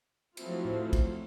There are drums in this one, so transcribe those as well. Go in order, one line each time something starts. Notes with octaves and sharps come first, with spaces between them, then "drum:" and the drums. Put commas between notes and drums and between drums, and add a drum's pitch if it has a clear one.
F3 F#3 A3 C4 E4 F4, drum: cymbal
drum: tom A2
drum: kick, cymbal